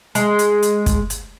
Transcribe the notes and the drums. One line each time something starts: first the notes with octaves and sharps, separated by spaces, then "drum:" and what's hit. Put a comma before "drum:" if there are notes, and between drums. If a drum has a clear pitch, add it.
G#3, drum: hi-hat
drum: hi-hat
drum: hi-hat
drum: kick, hi-hat
drum: hi-hat